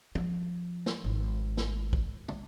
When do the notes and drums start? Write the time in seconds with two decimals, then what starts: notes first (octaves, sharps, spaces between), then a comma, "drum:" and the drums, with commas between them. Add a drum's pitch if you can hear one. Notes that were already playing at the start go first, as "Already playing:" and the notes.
0.15 F3, drum: tom
0.86 drum: snare
1.04 G#1
1.57 drum: snare
1.93 drum: kick
2.28 drum: tom